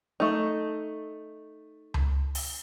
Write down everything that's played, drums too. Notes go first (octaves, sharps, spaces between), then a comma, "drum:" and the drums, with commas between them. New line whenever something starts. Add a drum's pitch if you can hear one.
A3 D#4
drum: tom C#2
drum: open hi-hat